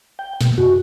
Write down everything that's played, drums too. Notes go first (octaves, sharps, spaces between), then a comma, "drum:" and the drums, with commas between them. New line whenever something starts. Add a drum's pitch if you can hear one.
G5
B2, drum: snare
F#4, drum: tom F#2